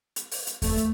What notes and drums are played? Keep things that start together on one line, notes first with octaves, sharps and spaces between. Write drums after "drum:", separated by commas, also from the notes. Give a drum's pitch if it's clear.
drum: hi-hat
drum: open hi-hat
drum: hi-hat
A3, drum: kick D#2, open hi-hat
drum: hi-hat